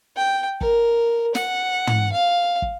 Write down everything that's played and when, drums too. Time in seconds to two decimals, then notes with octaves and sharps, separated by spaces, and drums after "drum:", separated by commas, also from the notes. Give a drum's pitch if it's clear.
0.17 G5
0.61 A#4, drum: kick
1.35 F#5, drum: snare
1.87 drum: tom
2.12 F5
2.62 drum: kick